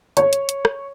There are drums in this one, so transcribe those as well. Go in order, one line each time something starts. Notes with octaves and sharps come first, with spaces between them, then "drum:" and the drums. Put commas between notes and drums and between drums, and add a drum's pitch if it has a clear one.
C#5, drum: hi-hat
drum: hi-hat
drum: hi-hat
drum: rim click